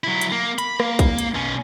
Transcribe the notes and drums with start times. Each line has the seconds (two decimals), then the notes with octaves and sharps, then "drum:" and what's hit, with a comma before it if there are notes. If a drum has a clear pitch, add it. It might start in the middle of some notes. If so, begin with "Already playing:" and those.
0.04 F#3 E4
0.21 drum: hi-hat
0.32 A#3
0.58 B5, drum: hi-hat
0.80 A#3, drum: rim click
0.99 drum: kick A#1, hi-hat
1.18 drum: hi-hat
1.35 B2 C#4